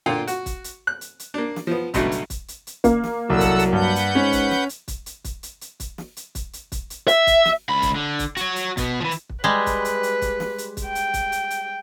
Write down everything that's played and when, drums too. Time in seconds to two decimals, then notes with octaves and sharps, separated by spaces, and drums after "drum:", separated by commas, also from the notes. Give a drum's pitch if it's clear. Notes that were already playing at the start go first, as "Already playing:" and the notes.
0.06 A#2 D3 F4 F5 G5
0.27 F#4, drum: hi-hat
0.46 drum: kick, hi-hat
0.64 drum: hi-hat
0.87 F#6
1.01 drum: hi-hat
1.19 drum: hi-hat
1.34 A#3 D4
1.56 drum: snare
1.67 F3 B3
1.94 C#2 G2 B2 F#3 A3, drum: kick, hi-hat
2.12 drum: hi-hat
2.30 drum: kick, hi-hat
2.48 drum: hi-hat
2.67 drum: hi-hat
2.84 A#3, drum: kick, hi-hat
3.04 drum: snare
3.30 C2 F#3 A4 F#5 E6
3.40 drum: kick, hi-hat
3.59 drum: hi-hat
3.73 G2 B4 F#5 G6
3.96 drum: hi-hat
4.15 G#2 C#4
4.32 drum: kick, hi-hat
4.51 drum: snare
4.69 drum: hi-hat
4.88 drum: kick, hi-hat
5.06 drum: hi-hat
5.24 drum: kick, hi-hat
5.43 drum: hi-hat
5.61 drum: hi-hat
5.80 drum: kick, hi-hat
5.98 drum: snare
6.17 drum: hi-hat
6.35 drum: kick, hi-hat
6.53 drum: hi-hat
6.72 drum: kick, hi-hat
6.90 drum: hi-hat
7.08 E5, drum: hi-hat
7.27 drum: kick, hi-hat
7.45 drum: snare
7.69 C#2 B5
7.82 drum: kick, hi-hat
7.96 D3
8.19 drum: kick, hi-hat
8.37 F#4 C#5, drum: hi-hat
8.56 drum: hi-hat
8.77 B2 B3, drum: kick, hi-hat
9.00 E3 F3
9.11 drum: hi-hat
9.29 drum: kick
9.44 G3 G#3 B4
9.66 drum: kick, hi-hat
9.85 drum: hi-hat
10.03 drum: hi-hat
10.22 drum: kick, hi-hat
10.40 drum: snare
10.58 drum: hi-hat
10.77 drum: kick, hi-hat
10.86 G5
10.95 drum: hi-hat
11.14 drum: kick, hi-hat
11.32 drum: hi-hat
11.50 drum: hi-hat